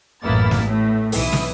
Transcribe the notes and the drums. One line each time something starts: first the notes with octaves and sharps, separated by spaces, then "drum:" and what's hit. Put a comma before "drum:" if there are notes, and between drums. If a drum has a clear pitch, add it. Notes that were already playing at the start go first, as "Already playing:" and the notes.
A1 F#2 A#3 B3 E4 A6
drum: snare
A2 A3
B1 E3 E4 D#6, drum: open hi-hat
drum: snare